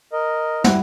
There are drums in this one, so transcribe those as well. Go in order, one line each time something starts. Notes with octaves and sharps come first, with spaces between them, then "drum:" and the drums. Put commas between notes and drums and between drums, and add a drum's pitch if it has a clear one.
A#4 D#5
G3 E4 F#5, drum: snare